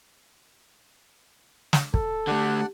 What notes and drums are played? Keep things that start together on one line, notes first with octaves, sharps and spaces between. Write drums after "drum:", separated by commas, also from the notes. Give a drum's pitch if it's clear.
drum: snare
A4, drum: kick
D3 A3 D4 G4 D5 F#5